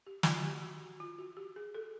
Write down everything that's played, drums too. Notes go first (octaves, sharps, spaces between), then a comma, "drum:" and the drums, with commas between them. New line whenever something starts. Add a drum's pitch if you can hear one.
G4
F4, drum: snare
F#4
G4
F#4
F4
F#4
G4
G#4
A4